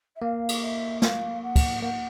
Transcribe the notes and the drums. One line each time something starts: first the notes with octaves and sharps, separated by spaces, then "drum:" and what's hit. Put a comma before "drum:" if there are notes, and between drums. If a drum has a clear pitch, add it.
E5
A#3 F5
drum: cymbal
E5
F5, drum: snare
F#5
drum: kick, cymbal
A#3 F#5